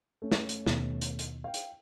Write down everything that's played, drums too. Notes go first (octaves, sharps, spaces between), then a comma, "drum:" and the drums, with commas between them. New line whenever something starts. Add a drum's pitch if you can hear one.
A3 C#4
drum: snare
drum: hi-hat
D#2 B2, drum: snare
drum: hi-hat
drum: hi-hat
F5 G5
drum: hi-hat